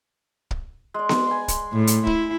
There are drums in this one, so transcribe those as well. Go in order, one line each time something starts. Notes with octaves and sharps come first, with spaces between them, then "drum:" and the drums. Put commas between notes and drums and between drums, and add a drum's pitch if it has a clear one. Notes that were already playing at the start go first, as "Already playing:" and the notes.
drum: kick
G#3 D5
drum: snare B3
G#5 B5 C6
drum: kick, hi-hat
A2
drum: hi-hat
E4, drum: kick